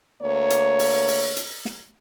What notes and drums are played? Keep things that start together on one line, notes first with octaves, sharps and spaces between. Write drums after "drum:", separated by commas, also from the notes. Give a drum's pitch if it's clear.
D2 A#3 C#5
drum: hi-hat
drum: open hi-hat
drum: open hi-hat
drum: hi-hat
drum: snare